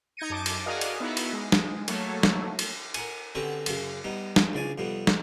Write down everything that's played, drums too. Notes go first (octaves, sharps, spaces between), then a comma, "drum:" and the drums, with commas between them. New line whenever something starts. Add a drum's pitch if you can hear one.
D#4 G6 G#6 A#6 C#7 D#7
F#2 A5 D6 D#7
drum: cymbal
F#4 G#4 A#4 D5 D#5 F5
drum: cymbal
B3 D#4 E4 F#4
drum: cymbal
G#3
drum: snare
F#3 A3 A#3 A4 C#5, drum: cymbal
drum: snare
drum: cymbal
A#4 F#5 G#5, drum: cymbal
D3 C4 C#4 F#4 G4 B4
F#2 C#3, drum: cymbal
G3 B3 D#4
drum: snare
C#2 C#3 D5 G#5
F2 C3 G3 B3
drum: snare